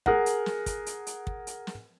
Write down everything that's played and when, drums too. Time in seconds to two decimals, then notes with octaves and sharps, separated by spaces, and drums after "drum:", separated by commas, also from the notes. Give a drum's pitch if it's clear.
0.06 G#4 A#4 F#5, drum: kick
0.26 drum: hi-hat
0.46 drum: snare
0.66 drum: kick, hi-hat
0.86 drum: hi-hat
1.07 drum: hi-hat
1.27 drum: kick
1.47 drum: hi-hat
1.67 drum: snare